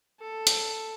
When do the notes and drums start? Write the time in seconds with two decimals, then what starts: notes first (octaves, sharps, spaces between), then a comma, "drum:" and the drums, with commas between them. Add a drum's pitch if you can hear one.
0.20 A4
0.47 drum: hi-hat